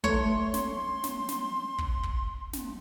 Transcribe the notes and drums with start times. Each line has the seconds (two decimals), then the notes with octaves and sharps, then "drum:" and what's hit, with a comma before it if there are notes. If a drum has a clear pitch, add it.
0.04 A3 C#5 C6, drum: kick
0.54 drum: snare
1.04 drum: snare
1.29 drum: snare
1.78 drum: kick
2.03 drum: kick
2.53 drum: snare